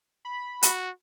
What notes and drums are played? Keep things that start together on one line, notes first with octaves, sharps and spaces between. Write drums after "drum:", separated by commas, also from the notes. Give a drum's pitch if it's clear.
B5
F#4, drum: hi-hat